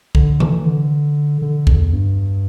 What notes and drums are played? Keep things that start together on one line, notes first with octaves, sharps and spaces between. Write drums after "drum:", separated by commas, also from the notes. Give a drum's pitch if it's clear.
D3, drum: kick C2
E3, drum: tom C3
D3
D3
E2, drum: kick C2
G2